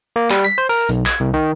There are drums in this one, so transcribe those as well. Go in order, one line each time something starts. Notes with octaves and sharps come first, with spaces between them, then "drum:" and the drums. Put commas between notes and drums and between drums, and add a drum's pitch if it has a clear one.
A#3
G3, drum: clap
B6
C5
A#4, drum: open hi-hat
B1, drum: hi-hat
G#6, drum: clap
C2
D#3